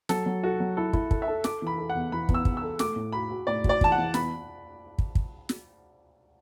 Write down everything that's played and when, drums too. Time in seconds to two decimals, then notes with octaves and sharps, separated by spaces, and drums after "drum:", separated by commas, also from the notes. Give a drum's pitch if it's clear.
0.09 F#3 A4, drum: snare
0.26 F#3
0.43 F#4 A4
0.60 F#3
0.77 E4 A4
0.93 E4, drum: kick
1.11 A4, drum: kick
1.22 E5
1.28 A4
1.44 A4 D6, drum: snare
1.62 E3 B5
1.78 A4
1.90 E2 F#5
2.12 E3 B5
2.29 E2, drum: kick
2.34 E6
2.45 E2, drum: kick
2.57 E6
2.62 A4
2.79 A3 D6, drum: snare
2.96 A2
3.12 F#4 B5
3.30 F#4
3.47 A2 D5
3.64 F#4, drum: kick
3.69 D5
3.81 E3 A5, drum: kick
3.92 F#5
3.98 E3
4.14 B3 B5, drum: snare
4.98 drum: kick
5.15 drum: kick
5.49 drum: snare